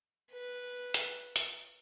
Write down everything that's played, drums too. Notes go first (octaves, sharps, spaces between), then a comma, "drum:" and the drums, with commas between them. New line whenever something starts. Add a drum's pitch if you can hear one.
B4
drum: hi-hat
drum: hi-hat